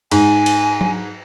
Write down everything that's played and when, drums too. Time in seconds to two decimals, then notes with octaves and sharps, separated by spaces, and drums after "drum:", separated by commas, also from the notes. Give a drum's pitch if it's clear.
0.11 G#2 G#5, drum: cymbal
0.46 drum: cymbal
0.81 drum: tom F#3